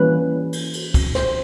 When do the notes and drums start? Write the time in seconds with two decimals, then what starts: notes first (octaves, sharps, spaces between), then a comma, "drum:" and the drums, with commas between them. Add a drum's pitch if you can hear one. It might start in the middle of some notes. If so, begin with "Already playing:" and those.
Already playing: E3 G3 A#3 C#4 B4
0.53 drum: cymbal
0.74 drum: cymbal
0.94 drum: kick, cymbal
1.15 C5, drum: snare